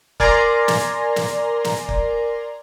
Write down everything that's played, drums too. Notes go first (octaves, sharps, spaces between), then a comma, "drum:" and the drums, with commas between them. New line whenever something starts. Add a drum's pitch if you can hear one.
A#4 D5 G#5 A#5 C6, drum: kick
drum: snare
drum: snare
drum: snare
drum: kick